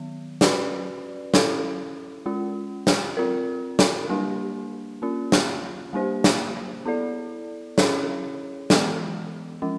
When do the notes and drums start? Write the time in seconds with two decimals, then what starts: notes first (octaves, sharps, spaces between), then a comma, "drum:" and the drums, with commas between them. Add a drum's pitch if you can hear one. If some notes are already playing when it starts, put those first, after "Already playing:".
Already playing: D#3 F#3 B3
0.41 C#4 F#4 B4 D5, drum: snare
1.34 C#4 E4 A4, drum: snare
2.26 G#3 C#4 F4
2.87 drum: snare
3.17 C4 F4 A#4
3.79 drum: snare
4.09 G3 A#3 D4 G4
5.02 A#3 C#4 F4
5.32 drum: snare
5.93 G3 A#3 D4 G4 C5
6.24 drum: snare
6.85 B3 E4 A4 D5
7.78 C#4 E4 G#4 C#5, drum: snare
8.70 E3 G#3 B3, drum: snare
9.62 F3 G#3 C#4